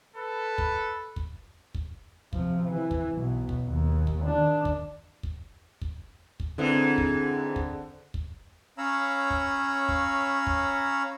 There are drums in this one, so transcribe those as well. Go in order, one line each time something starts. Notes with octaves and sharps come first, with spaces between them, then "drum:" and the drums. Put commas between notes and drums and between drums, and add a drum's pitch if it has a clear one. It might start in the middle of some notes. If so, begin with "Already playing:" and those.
A4 B4
drum: kick
drum: kick
drum: kick
C3 F3, drum: kick
E3
drum: kick
B1 B2
drum: kick
D#2
drum: kick
D#3 D4
drum: kick
drum: kick
drum: kick
drum: kick
G#2 D3 E3 C4
drum: kick
drum: kick
drum: kick
C#4 C#5 F5 A#5 B5 E6
drum: kick
drum: kick
drum: kick